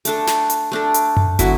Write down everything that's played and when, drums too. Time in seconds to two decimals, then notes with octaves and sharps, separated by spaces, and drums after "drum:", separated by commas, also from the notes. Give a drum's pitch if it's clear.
0.05 A3 D4 A4, drum: hi-hat
0.27 drum: snare
0.50 drum: hi-hat
0.72 A3 D4 A4
0.94 drum: hi-hat
1.17 drum: tom F#2
1.39 D3 F#3 B3 E4, drum: kick, hi-hat